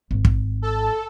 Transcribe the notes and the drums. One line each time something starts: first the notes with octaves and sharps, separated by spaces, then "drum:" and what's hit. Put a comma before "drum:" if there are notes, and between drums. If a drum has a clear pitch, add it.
G#1
drum: kick
A4